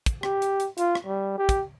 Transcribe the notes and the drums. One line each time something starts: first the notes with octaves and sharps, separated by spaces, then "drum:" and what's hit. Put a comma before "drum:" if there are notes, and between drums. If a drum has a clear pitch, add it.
drum: kick, hi-hat
G4, drum: rim click
drum: hi-hat
drum: hi-hat
F4, drum: hi-hat
drum: rim click
G3
G4
drum: kick, hi-hat